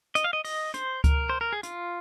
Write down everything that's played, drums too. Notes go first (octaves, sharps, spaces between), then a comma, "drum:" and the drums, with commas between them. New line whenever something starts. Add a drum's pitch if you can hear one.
D#5, drum: hi-hat
F5
D#5
D#5, drum: open hi-hat
C5, drum: hi-hat
A#4, drum: kick C#2, hi-hat
C5
A#4
G#4
F4, drum: hi-hat